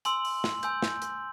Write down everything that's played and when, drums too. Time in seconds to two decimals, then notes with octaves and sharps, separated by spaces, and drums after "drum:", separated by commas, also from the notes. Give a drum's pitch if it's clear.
0.05 G#5 C6 E6 F#7, drum: hi-hat
0.25 drum: open hi-hat
0.44 drum: snare
0.63 G#5 C6 E6 G6, drum: hi-hat
0.82 drum: snare
1.02 drum: hi-hat